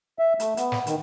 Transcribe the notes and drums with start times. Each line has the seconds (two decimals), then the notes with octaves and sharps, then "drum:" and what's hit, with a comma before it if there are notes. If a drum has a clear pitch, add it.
0.19 E5
0.40 A3, drum: hi-hat
0.57 B3, drum: hi-hat
0.72 drum: snare
0.87 D#3, drum: hi-hat